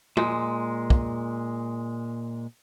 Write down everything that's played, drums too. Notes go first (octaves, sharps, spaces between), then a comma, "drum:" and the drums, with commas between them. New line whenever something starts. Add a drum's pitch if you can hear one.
A#2 G#3, drum: tom
drum: kick